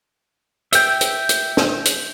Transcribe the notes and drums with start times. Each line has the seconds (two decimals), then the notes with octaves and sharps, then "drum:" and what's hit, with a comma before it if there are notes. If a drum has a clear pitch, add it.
0.73 E5 G5, drum: hi-hat
1.01 drum: hi-hat
1.29 drum: hi-hat
1.57 drum: snare
1.85 drum: hi-hat